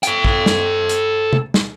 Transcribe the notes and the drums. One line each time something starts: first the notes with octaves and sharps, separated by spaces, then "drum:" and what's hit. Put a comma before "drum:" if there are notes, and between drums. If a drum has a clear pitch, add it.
A4 G5, drum: hi-hat
drum: kick
drum: snare
drum: hi-hat
drum: tom C3
drum: snare